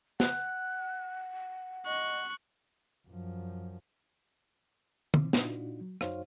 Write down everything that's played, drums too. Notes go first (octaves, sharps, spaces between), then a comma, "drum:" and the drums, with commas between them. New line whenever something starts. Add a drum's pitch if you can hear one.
F#5 F#6, drum: snare
D#5 C#6 F#6
F#2 F3
B2 D#3 E3 C4, drum: tom
A#2 D4 D#4 F4 F#4, drum: snare
F#3
F#2 D#4 F#4 C5 C#5 F5, drum: rim click